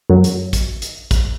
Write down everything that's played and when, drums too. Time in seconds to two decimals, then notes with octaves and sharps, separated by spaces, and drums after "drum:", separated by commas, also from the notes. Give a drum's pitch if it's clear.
0.10 F#2 F#3
0.24 drum: hi-hat
0.53 drum: kick A1, hi-hat
0.82 drum: hi-hat
1.11 drum: kick A1, hi-hat